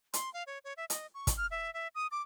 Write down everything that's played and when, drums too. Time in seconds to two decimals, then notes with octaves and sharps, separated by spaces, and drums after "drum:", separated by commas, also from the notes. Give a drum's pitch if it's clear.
0.13 C6, drum: hi-hat
0.34 F5
0.47 C#5
0.64 C#5
0.77 E5
0.90 D#5, drum: hi-hat
1.14 C#6
1.27 drum: kick, hi-hat
1.37 F6
1.51 E5
1.74 E5
1.95 D#6
2.11 D6